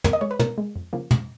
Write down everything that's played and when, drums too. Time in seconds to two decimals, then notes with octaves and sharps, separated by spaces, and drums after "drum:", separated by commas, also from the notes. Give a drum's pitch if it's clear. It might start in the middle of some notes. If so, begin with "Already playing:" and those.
0.04 B2 A#4, drum: tom
0.13 D#5
0.21 G#3 C#5
0.31 B4
0.39 B2 A#4, drum: tom
0.58 G#3
0.76 F2
0.93 C#3 F3 A#3
1.11 F2, drum: tom